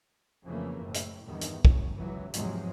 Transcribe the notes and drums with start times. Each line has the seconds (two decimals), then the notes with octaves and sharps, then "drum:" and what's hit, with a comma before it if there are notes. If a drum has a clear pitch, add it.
0.46 F2 C#3 E3 A3 A#3
0.79 F#1 A2
0.94 drum: hi-hat
1.26 E2 G2 D#3
1.41 drum: hi-hat
1.65 G1 F#2 A2, drum: kick
1.95 C#2 E3 F#3
2.33 E2 G#2 C3 F3 F#3 G#3, drum: hi-hat